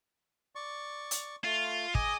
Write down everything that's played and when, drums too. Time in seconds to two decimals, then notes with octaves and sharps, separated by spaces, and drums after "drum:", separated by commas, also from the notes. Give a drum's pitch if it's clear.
0.55 D5 C#6
1.11 drum: hi-hat
1.44 A3 F4
1.95 G#4 D#5 G#5 D6, drum: kick